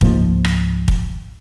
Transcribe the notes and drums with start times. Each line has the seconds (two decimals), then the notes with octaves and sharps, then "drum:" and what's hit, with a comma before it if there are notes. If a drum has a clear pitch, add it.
0.01 C#2 G#2 F3 A#3, drum: kick
0.45 drum: rim click
0.88 drum: kick